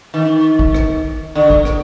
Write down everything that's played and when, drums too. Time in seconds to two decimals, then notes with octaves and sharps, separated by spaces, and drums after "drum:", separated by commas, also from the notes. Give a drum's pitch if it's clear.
0.14 D#3
0.59 drum: kick
0.74 drum: rim click
1.35 D3
1.50 drum: kick
1.65 drum: rim click